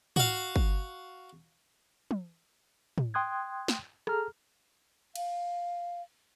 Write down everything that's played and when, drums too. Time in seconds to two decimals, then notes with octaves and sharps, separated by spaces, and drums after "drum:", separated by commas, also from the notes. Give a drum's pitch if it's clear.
0.16 F#4 F5, drum: tom
0.56 drum: kick
2.11 drum: tom
2.98 drum: tom
3.14 G5 C6 D#6 F#6 G#6
3.68 drum: snare
4.07 G#4 A4 A#5 F6, drum: rim click
5.16 F5, drum: cymbal